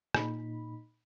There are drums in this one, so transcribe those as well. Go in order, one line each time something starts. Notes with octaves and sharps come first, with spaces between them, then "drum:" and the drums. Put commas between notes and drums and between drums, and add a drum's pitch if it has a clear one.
A#2 D#4 B5, drum: rim click